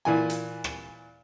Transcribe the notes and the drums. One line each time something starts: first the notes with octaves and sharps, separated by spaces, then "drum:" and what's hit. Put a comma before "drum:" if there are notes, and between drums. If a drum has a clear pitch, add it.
A#2 E3 G#5
drum: hi-hat
drum: rim click